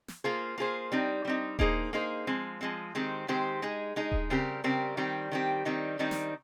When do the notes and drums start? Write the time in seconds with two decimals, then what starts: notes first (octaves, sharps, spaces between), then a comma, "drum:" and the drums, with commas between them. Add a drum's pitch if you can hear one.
0.08 drum: snare
0.24 A#3 F4 G#4 C5
0.58 A#3 F4 G#4 C5
0.92 G3 C4 D#4
1.25 G3 C4 D#4
1.59 A#3 D#4 G#4 C5, drum: kick D#1
1.93 A#3 D#4 G#4 C5
2.27 F3 G#3 C4
2.61 F3 G#3 C4
2.95 D#3 G#3 C4 G4 C5
3.28 D#3 G#3 C4 G4 C5
3.62 G#3 D#4 G#4
3.96 G#3 D#4 G#4
4.12 drum: kick D#1
4.30 C#3 G3 C4 G4 A#4
4.64 C#3 G3 C4 G4 A#4
4.97 D#3 G3 C4 G4
5.31 D#3 G3 C4 G4
5.65 D#3 G3 C4 D#4
5.99 D#3 G3 C4 D#4
6.11 drum: snare